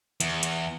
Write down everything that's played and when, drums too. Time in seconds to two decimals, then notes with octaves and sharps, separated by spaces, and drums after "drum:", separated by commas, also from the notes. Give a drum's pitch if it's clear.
0.20 E2, drum: hi-hat
0.43 drum: hi-hat